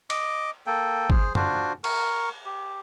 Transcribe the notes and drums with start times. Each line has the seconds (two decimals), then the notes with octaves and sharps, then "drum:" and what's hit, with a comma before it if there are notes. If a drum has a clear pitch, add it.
0.10 D#5 D6, drum: cymbal
0.67 A#3 A4 G5
1.10 G#4 C5, drum: kick
1.35 D4 F4 F#4 C5, drum: tom
1.84 A#4 C#6, drum: cymbal
2.46 G4